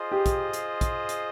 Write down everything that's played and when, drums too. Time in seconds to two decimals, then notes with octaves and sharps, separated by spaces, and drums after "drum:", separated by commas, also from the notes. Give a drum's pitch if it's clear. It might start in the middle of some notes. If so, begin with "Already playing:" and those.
Already playing: F4 G#4 C5 D#5
0.12 G4
0.26 drum: kick, hi-hat
0.53 drum: hi-hat
0.81 drum: kick, hi-hat
1.09 drum: hi-hat